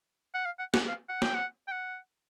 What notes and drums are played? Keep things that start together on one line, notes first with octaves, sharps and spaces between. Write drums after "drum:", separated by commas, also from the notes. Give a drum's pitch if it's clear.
F#5
F5
F#5
F#5, drum: snare
F5
F#5
G5, drum: snare
F#5
G5
F#5